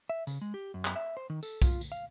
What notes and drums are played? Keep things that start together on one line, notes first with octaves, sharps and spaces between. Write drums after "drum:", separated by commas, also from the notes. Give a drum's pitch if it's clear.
E5
C#3, drum: tambourine
G#3
G4
F#2
drum: clap
E5
C5
D#3
A4, drum: tambourine
F4, drum: kick B1, tambourine
drum: tambourine
F5